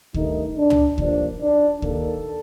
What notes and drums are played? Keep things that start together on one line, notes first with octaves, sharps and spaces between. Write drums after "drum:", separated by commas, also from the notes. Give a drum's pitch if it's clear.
G2 D#3 A3 D#4, drum: kick
D4
drum: tom
G2 F3 A#3 D4, drum: kick
D4
D#2 D#3 A#3 A4, drum: kick